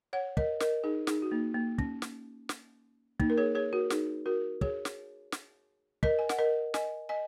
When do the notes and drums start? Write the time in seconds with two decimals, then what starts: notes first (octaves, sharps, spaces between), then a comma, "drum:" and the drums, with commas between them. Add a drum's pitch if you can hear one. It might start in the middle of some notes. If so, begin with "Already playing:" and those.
0.13 C#5 F#5
0.37 A#4 D#5, drum: kick
0.60 A#4 D#5, drum: snare
0.84 D#4 G#4
1.07 D#4 G#4, drum: snare
1.22 F#4
1.31 A#3 D#4
1.55 A#3
1.78 C#4, drum: kick
2.02 drum: snare
2.49 drum: snare
3.20 A#3 D#4, drum: kick
3.30 A#4
3.38 G#4 C#5
3.55 G#4 C#5
3.73 F#4 A#4
3.90 D#4 G#4, drum: snare
4.26 F#4 A#4
4.61 G#4 C#5, drum: kick
4.85 drum: snare
5.32 drum: snare
6.03 A#4 D#5, drum: kick
6.19 G#5
6.29 F#5, drum: snare
6.38 A#4 D#5
6.74 D#5 G#5, drum: snare
7.09 D#5 G#5